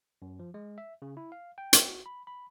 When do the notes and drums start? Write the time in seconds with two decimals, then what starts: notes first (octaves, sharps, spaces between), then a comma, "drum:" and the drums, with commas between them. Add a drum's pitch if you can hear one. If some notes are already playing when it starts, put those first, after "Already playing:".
0.22 F#2
0.39 F3
0.54 G#3
0.78 E5
1.02 C#3
1.17 E4
1.32 F5
1.58 G5
1.73 drum: hi-hat
1.88 F#4
2.06 B5
2.27 B5